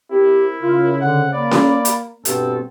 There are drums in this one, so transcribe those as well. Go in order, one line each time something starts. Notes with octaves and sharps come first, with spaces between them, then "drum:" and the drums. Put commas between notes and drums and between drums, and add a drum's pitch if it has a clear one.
C4 E4 G4 A#4
C#3 F4
D3 C4 F#5
A#3 D5 B5
drum: snare C#4
drum: hi-hat
G2 B2 B3 C4 A4 C#6, drum: hi-hat